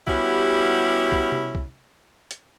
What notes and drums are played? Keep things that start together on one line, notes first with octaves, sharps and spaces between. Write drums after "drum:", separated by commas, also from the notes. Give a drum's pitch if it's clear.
G3 B3 C#4 E4 F#4 G4, drum: kick C2
drum: kick C2
drum: tom C3
drum: kick C2
drum: hi-hat